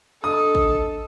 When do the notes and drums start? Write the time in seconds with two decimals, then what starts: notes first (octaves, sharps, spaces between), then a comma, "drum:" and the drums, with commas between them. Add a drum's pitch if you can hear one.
0.24 D4 A4 D#5 D#6
0.55 drum: kick